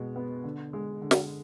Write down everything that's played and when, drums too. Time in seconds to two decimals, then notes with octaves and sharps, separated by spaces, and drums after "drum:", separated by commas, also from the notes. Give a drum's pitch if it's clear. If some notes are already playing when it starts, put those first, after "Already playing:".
Already playing: B2 G#3
0.16 B3
0.44 D3
0.73 G#3
1.02 D3
1.11 drum: snare